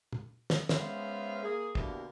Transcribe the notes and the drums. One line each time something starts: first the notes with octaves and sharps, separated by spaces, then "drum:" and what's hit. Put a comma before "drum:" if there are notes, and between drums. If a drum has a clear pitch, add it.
drum: tom
drum: snare
G#3 B3 C#4 C5 E5 F5, drum: snare
A#3 G#4
B2 D3 A#3 E4 G4, drum: kick